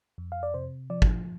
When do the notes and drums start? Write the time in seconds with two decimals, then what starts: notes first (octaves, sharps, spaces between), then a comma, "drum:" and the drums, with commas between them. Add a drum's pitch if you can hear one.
0.18 F2
0.32 F5
0.43 D5
0.54 C3 C5
0.90 F3 D5
1.02 drum: kick